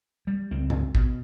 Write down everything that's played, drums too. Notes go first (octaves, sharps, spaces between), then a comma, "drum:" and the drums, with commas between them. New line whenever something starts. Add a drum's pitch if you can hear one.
G3
C#2 C4
drum: tom F#2
B2, drum: kick